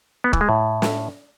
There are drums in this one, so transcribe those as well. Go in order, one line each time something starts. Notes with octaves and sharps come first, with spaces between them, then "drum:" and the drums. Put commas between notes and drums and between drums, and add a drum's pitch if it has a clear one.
B3
E3, drum: kick
G#3
A2
drum: snare